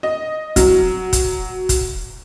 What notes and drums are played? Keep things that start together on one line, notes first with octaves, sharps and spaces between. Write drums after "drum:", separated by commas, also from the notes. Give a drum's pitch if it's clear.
D#5
F#3, drum: kick, hi-hat
drum: kick, hi-hat
drum: kick, hi-hat